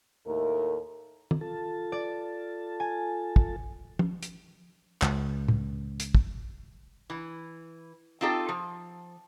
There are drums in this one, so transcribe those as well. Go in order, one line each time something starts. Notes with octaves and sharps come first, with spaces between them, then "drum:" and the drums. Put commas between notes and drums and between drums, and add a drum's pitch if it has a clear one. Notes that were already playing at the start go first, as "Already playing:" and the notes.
D#2 A2 A3 D#4 A#4
drum: tom
F4 A4 A5
D5
G#5
drum: kick
drum: tom
drum: hi-hat
C#2, drum: clap
drum: tom A2
drum: hi-hat
drum: kick
E3
C4 D#4 F4 G4 A4
F3